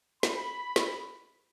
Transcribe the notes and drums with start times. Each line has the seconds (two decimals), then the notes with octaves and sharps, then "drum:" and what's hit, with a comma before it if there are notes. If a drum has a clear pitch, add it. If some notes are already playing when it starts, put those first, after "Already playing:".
0.23 B5, drum: snare
0.76 drum: snare